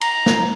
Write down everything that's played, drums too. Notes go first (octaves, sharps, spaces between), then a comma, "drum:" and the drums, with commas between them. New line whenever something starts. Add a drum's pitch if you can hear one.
A#5, drum: cymbal
drum: snare